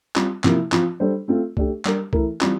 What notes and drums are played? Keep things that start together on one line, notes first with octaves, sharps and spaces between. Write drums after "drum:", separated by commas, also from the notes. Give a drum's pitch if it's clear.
G3 C4 F4, drum: clap
C3 F3 A#3 E4, drum: clap
F3 C4 F4, drum: clap
G3 D4 A4 C5
A3 C4 F4
A3 D4 G4, drum: kick C2
G3 D4 G4 A#4, drum: clap
E3 A3 E4 A#4, drum: kick C2
E3 G3 C4 F4, drum: clap